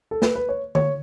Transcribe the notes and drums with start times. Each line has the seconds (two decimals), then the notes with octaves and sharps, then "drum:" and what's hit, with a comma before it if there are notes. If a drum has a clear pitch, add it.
0.11 A4
0.22 B4, drum: snare
0.35 B4
0.49 C#5
0.75 C#5, drum: tom D3